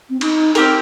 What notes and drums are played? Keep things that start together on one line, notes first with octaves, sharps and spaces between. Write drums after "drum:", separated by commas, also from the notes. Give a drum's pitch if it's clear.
C4
D#4, drum: cymbal
C4 D#4 G4 A#4, drum: cymbal